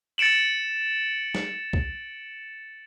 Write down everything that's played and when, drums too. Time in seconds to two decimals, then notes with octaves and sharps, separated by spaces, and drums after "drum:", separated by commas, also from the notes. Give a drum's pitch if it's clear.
0.18 A6 C#7 D7 E7 F#7
1.35 drum: snare
1.73 drum: kick C2